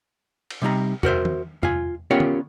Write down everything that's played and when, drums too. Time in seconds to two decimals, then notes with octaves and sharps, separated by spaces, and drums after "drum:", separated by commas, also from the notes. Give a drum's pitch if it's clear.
0.50 drum: cymbal
0.62 C3 G3 D#4 A#5
1.03 F#4 A#4 C5 E5, drum: tom
1.25 drum: tom
1.63 F4 G#5, drum: tom
2.11 B3 C#4 F4 G4 A#4 C#5
2.20 drum: tom